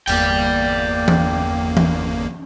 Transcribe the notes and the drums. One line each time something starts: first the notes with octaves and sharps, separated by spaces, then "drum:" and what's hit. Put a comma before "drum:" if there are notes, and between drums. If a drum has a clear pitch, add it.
G1 E2 A#3 D5 G5, drum: hi-hat
drum: tom E3
drum: tom E3